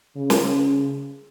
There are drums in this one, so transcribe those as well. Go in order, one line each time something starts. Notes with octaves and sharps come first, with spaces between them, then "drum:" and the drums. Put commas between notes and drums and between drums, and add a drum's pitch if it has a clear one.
C#3
drum: snare